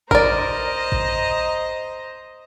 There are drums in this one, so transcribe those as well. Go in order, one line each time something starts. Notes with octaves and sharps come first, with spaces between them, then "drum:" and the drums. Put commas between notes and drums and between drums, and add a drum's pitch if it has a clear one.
A#4 C5 D5 D#5 A#5, drum: kick G#1
drum: kick G#1